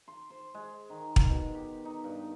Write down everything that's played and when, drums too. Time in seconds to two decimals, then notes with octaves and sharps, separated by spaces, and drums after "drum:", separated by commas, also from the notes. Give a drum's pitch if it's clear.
0.08 C6
0.30 C5
0.54 G#3
0.90 D#3
1.16 drum: kick
1.30 B2
1.55 G4
1.85 D#4
2.04 G2